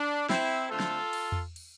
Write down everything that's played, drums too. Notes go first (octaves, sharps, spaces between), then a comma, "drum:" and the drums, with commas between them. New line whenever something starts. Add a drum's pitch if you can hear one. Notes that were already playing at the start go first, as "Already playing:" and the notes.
Already playing: D4
C4 E4, drum: snare
D3 A3 C4 F4 A4
drum: snare
drum: cymbal
drum: tom E2
drum: cymbal